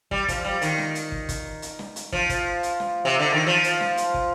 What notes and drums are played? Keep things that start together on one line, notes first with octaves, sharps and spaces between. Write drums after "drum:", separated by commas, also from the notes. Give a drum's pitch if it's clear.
G3, drum: kick
F3, drum: kick, hi-hat
G3
D#3, drum: hi-hat
drum: snare
drum: hi-hat
drum: kick
drum: kick, hi-hat
drum: hi-hat
drum: snare
drum: hi-hat
F3, drum: kick
drum: kick, hi-hat
drum: hi-hat
drum: snare
C3
D3
D#3
F3
drum: hi-hat
drum: snare
drum: hi-hat
drum: kick